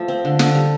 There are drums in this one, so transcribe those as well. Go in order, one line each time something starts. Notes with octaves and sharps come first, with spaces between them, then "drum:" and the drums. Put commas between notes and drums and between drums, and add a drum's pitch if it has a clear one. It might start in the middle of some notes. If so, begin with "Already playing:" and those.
Already playing: F3 A3
C4
D3
D3, drum: snare
G3